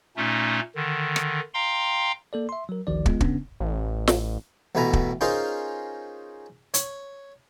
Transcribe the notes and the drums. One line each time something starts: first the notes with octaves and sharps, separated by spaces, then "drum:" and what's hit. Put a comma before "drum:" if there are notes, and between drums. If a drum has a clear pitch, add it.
A#2 A3 C#4 D#4
D3 D#3
drum: rim click
F5 G5 A#5 C6
A#3 A4 D5
E5 C6
F#3 A#4
G#1 D2 D#3 F3 D5
G#3 B3 F4, drum: kick
C#3 B3 C#4 D4, drum: kick
A1
drum: snare
A1 B2 A3 B4 G#5 A#5
drum: kick
C#4 D#4 F4 G#4 A#4 C5
C#5, drum: hi-hat